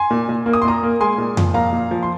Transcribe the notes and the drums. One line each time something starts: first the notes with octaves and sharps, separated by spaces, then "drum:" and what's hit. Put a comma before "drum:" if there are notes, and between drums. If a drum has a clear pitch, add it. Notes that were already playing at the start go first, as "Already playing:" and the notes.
Already playing: G#5 C6
A#2
A#2
A#3
D#6
C6
A#2 A#5 D#6
A#3
G#3 G#5 C6
A#2
F3, drum: tom F2
A#2 F5 A#5
A#2
F3
C6